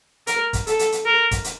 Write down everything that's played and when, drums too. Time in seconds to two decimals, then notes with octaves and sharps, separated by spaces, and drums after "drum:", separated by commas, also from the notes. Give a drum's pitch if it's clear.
0.27 A#4, drum: hi-hat
0.53 drum: kick, hi-hat
0.67 A4, drum: hi-hat
0.79 drum: hi-hat
0.92 drum: hi-hat
1.05 A#4
1.31 drum: kick, hi-hat
1.44 drum: hi-hat